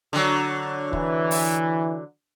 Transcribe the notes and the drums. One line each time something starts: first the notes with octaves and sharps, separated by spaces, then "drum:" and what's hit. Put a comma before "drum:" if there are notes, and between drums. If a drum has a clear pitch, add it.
D3 F#3
E3, drum: kick
drum: open hi-hat